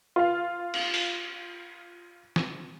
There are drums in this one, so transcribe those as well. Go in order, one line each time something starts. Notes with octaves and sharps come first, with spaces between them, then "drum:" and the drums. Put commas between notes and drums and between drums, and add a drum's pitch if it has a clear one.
F4 F5
drum: cymbal
drum: open hi-hat
drum: snare